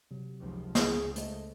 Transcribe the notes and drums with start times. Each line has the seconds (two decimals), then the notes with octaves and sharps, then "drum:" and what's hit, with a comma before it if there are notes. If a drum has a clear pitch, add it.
0.11 C3 F#3
0.40 F1 C#2 F3
0.75 C#2 G#4, drum: snare
1.16 G#3 A3 C5 D#5, drum: hi-hat